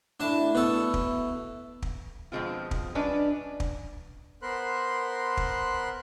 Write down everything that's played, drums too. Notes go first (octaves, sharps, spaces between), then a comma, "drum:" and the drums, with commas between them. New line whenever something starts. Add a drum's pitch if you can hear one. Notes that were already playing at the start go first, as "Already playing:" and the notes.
A3 D4 E4 F#4 A5
B2 A4
drum: kick
drum: kick
B2 F3 G3 G#3 C4 F4
drum: kick
G3 C#4 D4 B4 D5 D#5
drum: kick
B3 A#4 C5 B5 C6 F#6
drum: kick